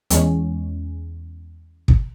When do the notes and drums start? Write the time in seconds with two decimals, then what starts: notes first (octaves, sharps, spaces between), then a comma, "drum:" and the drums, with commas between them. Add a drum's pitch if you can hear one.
0.10 E2 G#3 C#4, drum: hi-hat
1.88 drum: kick